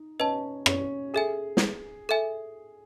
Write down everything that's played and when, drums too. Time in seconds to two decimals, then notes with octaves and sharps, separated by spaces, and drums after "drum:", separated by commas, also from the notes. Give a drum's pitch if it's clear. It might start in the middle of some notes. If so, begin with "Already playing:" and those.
Already playing: D#4
0.20 C#4 B4 D#5 A5
0.66 C#4, drum: rim click
1.14 G#4 A4 E5 G#5
1.57 drum: snare
2.09 A4 E5 G#5